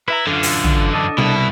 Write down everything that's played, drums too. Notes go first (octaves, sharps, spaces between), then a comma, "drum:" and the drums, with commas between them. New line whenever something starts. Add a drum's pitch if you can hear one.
E4 B4 E5 A#5
F#2 D3 E3 F4 A4
drum: open hi-hat
drum: tom
D4 A4 D#5
C2 B2 E4